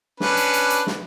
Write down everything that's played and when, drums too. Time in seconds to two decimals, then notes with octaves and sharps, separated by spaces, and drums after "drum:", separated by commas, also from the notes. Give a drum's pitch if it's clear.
0.20 C#4 D4 B4, drum: snare
0.37 drum: hi-hat
0.54 drum: hi-hat
0.70 drum: hi-hat
0.87 drum: snare